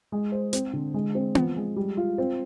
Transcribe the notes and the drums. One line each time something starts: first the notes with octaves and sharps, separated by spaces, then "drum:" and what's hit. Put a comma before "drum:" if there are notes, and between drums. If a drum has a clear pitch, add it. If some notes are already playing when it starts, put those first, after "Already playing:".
G#3
C5
C4, drum: hi-hat
D3
G#3
C4
F3, drum: tom B3
G#3
G3
F4
C4